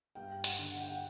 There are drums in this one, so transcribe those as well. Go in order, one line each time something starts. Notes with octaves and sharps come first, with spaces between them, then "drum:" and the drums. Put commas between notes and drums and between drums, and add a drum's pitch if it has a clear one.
G2 G5
F#5, drum: hi-hat
D3
F#5
G5
F#5